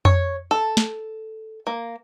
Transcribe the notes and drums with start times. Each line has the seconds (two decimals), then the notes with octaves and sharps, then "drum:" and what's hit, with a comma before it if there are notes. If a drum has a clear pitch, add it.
0.05 C#5, drum: tom F2
0.51 A4
0.77 drum: snare
1.67 A#3